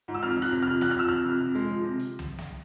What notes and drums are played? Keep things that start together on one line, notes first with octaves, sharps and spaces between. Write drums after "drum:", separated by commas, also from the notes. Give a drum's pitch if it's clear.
G#2
E6
F2 F6
F3
F#6, drum: hi-hat
C3
F2 F6
F2 F#6, drum: snare
F6
F3 E6
C3 F6
F2
C3
G#3
F3
C3
drum: hi-hat
drum: tom C2
drum: snare